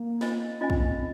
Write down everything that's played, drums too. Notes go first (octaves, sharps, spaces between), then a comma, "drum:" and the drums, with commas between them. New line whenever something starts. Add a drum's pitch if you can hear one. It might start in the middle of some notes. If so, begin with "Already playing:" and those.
Already playing: A#3
F4 C5 D#5 G#5, drum: snare
C#4 F4 C5 D#5 G#5
C4, drum: kick
A#3
C4